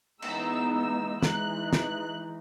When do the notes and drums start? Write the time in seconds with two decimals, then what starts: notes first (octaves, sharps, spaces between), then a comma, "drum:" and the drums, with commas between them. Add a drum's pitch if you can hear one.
0.22 E3 G#3 B3 D#4 E6, drum: cymbal
0.72 E6
1.23 E3 G#3 D#4 F#6, drum: snare
1.73 F#6, drum: snare